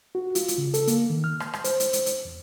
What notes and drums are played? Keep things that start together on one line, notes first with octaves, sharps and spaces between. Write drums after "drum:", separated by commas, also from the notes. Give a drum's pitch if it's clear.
F#4
F4, drum: hi-hat
drum: hi-hat
C#3
A4, drum: hi-hat
A#3, drum: hi-hat
D#3
F6
drum: rim click
drum: rim click
C5, drum: hi-hat
drum: hi-hat
drum: hi-hat
drum: hi-hat
E2